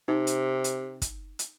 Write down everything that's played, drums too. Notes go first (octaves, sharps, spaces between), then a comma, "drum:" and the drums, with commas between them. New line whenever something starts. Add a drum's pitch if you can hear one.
C3 D#4
drum: hi-hat
drum: hi-hat
drum: kick, hi-hat
drum: hi-hat